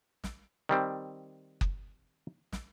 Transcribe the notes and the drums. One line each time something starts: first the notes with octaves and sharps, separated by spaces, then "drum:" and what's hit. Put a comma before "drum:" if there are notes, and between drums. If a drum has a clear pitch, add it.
drum: snare
D#3 G3 C4
drum: kick F#1
drum: snare